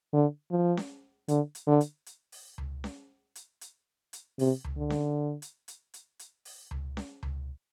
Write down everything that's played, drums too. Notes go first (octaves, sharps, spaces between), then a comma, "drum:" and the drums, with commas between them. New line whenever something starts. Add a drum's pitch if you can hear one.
D3
F3
drum: snare C#4
D3, drum: hi-hat
drum: hi-hat
D3
drum: hi-hat
drum: hi-hat
drum: open hi-hat
drum: tom C#2
drum: snare C#4
drum: hi-hat
drum: hi-hat
drum: hi-hat
C3, drum: open hi-hat
drum: tom C#2
D3
drum: snare C#4
drum: hi-hat
drum: hi-hat
drum: hi-hat
drum: hi-hat
drum: open hi-hat
drum: tom C#2
drum: snare C#4
drum: tom C#2